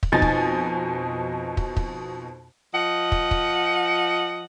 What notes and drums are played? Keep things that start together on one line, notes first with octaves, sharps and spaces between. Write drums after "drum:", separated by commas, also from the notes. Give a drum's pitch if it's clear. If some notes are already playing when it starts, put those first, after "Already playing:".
drum: kick
F2 B2 D#4 G#5 A6
drum: kick
drum: kick
drum: kick
F3 D#5 F#5
drum: kick
drum: kick